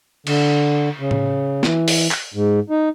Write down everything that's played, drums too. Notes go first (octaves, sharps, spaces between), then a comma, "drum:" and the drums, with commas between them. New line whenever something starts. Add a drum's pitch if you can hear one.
D3, drum: cymbal
C#3
drum: tom A2
E3, drum: snare
drum: open hi-hat
drum: clap
G#2
D#4